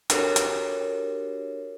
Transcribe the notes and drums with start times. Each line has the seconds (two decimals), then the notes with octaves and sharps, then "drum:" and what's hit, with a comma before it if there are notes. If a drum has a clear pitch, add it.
0.10 D4 F#4 G4 A4 A#4 C#5, drum: hi-hat
0.36 drum: hi-hat